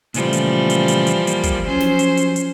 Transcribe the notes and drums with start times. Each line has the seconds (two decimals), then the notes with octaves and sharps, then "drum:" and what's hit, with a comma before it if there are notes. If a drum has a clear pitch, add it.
0.14 A#2 C#3 E3 F3 G3 A3, drum: hi-hat
0.33 drum: hi-hat
0.70 drum: hi-hat
0.88 drum: hi-hat
1.07 drum: hi-hat
1.27 A#3, drum: hi-hat
1.43 drum: kick, hi-hat
1.67 F3 F#3 C#4 C5
1.80 drum: snare
1.99 drum: hi-hat
2.17 drum: hi-hat
2.36 drum: hi-hat